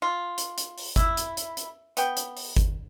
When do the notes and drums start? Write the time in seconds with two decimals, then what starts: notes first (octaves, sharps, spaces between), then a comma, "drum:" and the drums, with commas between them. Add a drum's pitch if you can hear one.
0.02 F4
0.38 drum: hi-hat
0.58 drum: hi-hat
0.78 drum: open hi-hat
0.96 E4, drum: kick G1, hi-hat
1.17 drum: hi-hat
1.37 drum: hi-hat
1.57 drum: hi-hat
1.97 B3 G5, drum: hi-hat
2.17 drum: hi-hat
2.37 drum: open hi-hat
2.56 drum: kick G1, hi-hat